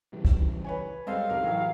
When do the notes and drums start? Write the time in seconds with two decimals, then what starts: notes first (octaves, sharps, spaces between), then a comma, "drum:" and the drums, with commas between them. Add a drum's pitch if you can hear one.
0.13 C#3 E3 G3
0.25 drum: kick
0.64 B4 C#5 G#5
1.07 G3 G#3 C4 A4 D#5 F5
1.28 B1 F#2 C#3 G4 A#4
1.42 A2 E3 F#3